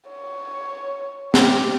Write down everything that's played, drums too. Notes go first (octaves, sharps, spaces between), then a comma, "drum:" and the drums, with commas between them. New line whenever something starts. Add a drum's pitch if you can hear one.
C#5
G4, drum: snare